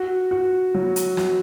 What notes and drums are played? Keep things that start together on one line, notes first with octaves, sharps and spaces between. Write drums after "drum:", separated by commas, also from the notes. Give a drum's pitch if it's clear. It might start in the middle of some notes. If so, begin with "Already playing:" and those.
Already playing: F#4
F#4
F#3
drum: hi-hat
F#4, drum: snare